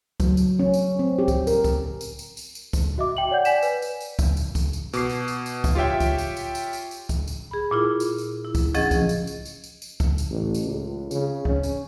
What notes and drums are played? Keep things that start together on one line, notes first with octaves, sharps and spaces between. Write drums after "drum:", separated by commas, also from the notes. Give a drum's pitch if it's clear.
F#3, drum: kick, tambourine
drum: tambourine
C#4
drum: tambourine
C4
G4
drum: kick, tambourine
A#4, drum: tambourine
drum: kick, tambourine
drum: tambourine
drum: tambourine
drum: tambourine
drum: tambourine
drum: kick, tambourine
F#4 D#5 E5 D6
G5 F#7
C#5 D5 F#5 G6
D5 G#5 B6 E7, drum: tambourine
B4, drum: tambourine
drum: tambourine
drum: tambourine
drum: kick, tambourine
drum: tambourine
drum: kick, tambourine
drum: tambourine
B2 D6 C7, drum: tambourine
drum: tambourine
drum: tambourine
drum: tambourine
drum: kick, tambourine
F4 G4 C#5 E5 G5
drum: kick, tambourine
drum: tambourine
drum: tambourine
drum: tambourine
drum: tambourine
drum: tambourine
drum: kick, tambourine
drum: tambourine
G#4 B5
A#2 E4 F4
drum: tambourine
drum: tambourine
E4
drum: kick, tambourine
D2 F3 C#4 G#4 D#5 A6, drum: tambourine
drum: kick, tambourine
drum: tambourine
drum: tambourine
drum: tambourine
drum: tambourine
drum: tambourine
drum: kick, tambourine
drum: tambourine
A1
drum: tambourine
C#2
C#3, drum: tambourine
C#4, drum: kick
drum: tambourine